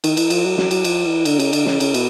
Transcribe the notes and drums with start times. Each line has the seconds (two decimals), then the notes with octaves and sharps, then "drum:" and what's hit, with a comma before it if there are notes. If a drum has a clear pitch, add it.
0.04 D#3, drum: cymbal
0.17 E3, drum: cymbal
0.30 F3, drum: cymbal
0.45 F#3
0.58 F#3, drum: snare
0.71 F#3, drum: cymbal
0.84 F3, drum: cymbal
1.05 E3
1.25 D3, drum: cymbal
1.40 C#3, drum: cymbal
1.53 D3, drum: cymbal
1.66 C#3, drum: snare
1.80 C#3, drum: cymbal
1.94 B2, drum: cymbal